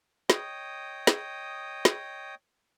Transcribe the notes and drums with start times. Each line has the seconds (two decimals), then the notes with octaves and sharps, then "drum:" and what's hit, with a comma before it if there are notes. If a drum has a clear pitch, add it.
0.30 C#5 D#5 G5 D#6, drum: snare
1.07 drum: snare
1.85 drum: snare